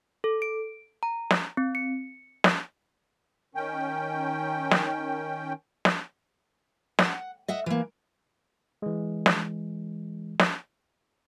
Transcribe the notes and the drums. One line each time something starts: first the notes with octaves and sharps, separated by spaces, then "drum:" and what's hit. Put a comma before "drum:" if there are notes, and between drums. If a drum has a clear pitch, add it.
A4
D7
A#5
drum: snare
C4
C#7
drum: snare
D#3 C#4 G5
drum: snare
drum: snare
F#5, drum: snare
D#5 E5 F#5
E3 A#3
E3 G#3
drum: snare
drum: snare